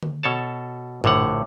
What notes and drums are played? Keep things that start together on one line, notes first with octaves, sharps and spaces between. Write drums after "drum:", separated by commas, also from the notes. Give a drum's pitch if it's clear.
drum: tom D3
B2 A4 C#5 A5
A#1 A2 D3 C#5 F#5, drum: tom G2